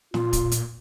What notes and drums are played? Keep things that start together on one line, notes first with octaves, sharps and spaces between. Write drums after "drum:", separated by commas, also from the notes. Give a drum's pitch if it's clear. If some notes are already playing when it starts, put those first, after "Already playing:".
A#2 F4, drum: snare
drum: kick, hi-hat
drum: hi-hat